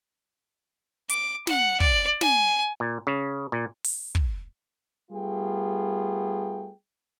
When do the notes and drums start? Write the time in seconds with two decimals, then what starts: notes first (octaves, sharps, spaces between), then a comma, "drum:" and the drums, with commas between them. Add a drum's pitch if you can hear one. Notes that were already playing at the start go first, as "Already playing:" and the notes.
1.09 D6, drum: hi-hat
1.47 F#5, drum: snare
1.80 D5, drum: kick
2.21 G#5, drum: snare
2.80 A#2
3.07 C#3
3.52 A#2
3.84 drum: open hi-hat
4.15 drum: kick
5.11 G3 A3 B3 F4 G#4 G5